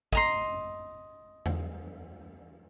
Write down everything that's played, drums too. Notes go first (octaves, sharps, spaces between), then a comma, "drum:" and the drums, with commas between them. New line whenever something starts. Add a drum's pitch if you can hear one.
D#5 A#5 C6, drum: kick
drum: tom E2